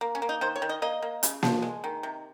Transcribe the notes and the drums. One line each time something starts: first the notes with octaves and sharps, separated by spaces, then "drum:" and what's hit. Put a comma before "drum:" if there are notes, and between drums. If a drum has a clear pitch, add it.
A#3
C#4
A#3
D#4
D#3 C5
C#5
D#3
D#5
A#3 D#5
A#3
C#3, drum: hi-hat
F3, drum: snare A#3
G#3
D#3
C3